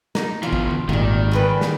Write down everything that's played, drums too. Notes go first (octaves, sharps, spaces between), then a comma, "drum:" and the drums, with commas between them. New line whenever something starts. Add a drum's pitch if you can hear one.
D#4, drum: snare
B2 E3 F4
drum: kick A1
drum: tom D3
G#1 A#2 D#3 G3
C#3 G3 B4
drum: snare